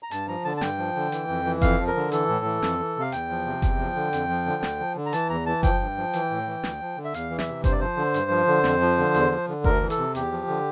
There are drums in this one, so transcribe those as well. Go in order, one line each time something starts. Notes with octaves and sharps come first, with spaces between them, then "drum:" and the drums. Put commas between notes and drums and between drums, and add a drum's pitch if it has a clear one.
A#5
G2 A5, drum: hi-hat
F3 A#5
D3 A5
A5
G2 G5, drum: snare
F3
D3
E3, drum: hi-hat
F2
E3
F2 F5, drum: kick F#1, hi-hat
F3
A#4
D3
E3 A4, drum: hi-hat
A2
E3
F2, drum: snare
E3
C3 F5
E2 G5, drum: hi-hat
F3
C3
E2, drum: kick F#1, hi-hat
F3
D3
F2, drum: hi-hat
F3
D3
D2, drum: snare
F3
D3
A#5
E3 A5, drum: hi-hat
E2 A#5
E3 A5
F3 G5, drum: kick F#1, hi-hat
G2
F3
E3, drum: hi-hat
A2
E3
D2, drum: snare
F3
D3
E5
E2 F5, drum: hi-hat
E3
E5, drum: snare
C3
G2 C5, drum: kick F#1, hi-hat
D5
F3 C5
D3
G2, drum: hi-hat
F3
D3
F2, drum: snare
F3
D3
E2, drum: hi-hat
F3
D3
D2 A#4, drum: kick F#1
E3
A4, drum: hi-hat
C3
E2 G4, drum: hi-hat
F3
D3